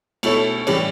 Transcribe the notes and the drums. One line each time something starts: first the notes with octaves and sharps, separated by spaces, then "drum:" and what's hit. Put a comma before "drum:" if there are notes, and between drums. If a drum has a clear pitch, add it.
B2 A3 E4 A4 C#5, drum: cymbal
A2 E3 G3 C#4, drum: cymbal